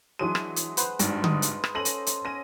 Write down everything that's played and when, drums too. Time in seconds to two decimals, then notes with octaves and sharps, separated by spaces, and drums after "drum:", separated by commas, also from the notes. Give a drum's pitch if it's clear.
0.19 E3 F#3 G#3 D4 D#7
0.35 drum: rim click
0.56 drum: hi-hat
0.77 B4 C5 F#5, drum: hi-hat
0.99 G#1 G2, drum: hi-hat
1.24 D#5, drum: tom D3
1.42 drum: hi-hat
1.64 drum: rim click
1.75 C#4 A4 C5 A#6 D#7 F#7
1.85 drum: hi-hat
2.07 drum: hi-hat
2.25 C#4 A#6 D#7